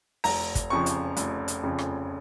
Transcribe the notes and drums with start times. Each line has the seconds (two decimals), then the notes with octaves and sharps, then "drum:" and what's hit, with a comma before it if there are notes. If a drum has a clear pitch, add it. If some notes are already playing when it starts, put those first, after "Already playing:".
0.24 F1 A#5, drum: open hi-hat
0.55 drum: kick, hi-hat
0.70 F2 C#3 F3 C#6
0.86 drum: hi-hat
1.17 F1, drum: hi-hat
1.48 drum: hi-hat
1.63 F2 C#3 F3
1.79 drum: rim click